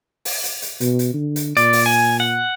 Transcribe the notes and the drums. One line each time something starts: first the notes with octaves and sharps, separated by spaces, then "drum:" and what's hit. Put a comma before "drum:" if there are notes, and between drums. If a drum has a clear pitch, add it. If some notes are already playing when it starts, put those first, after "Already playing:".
drum: open hi-hat
drum: hi-hat
drum: hi-hat
B2, drum: hi-hat
drum: hi-hat
D3
drum: hi-hat
A#2 D5, drum: hi-hat
drum: open hi-hat
G#5
F#5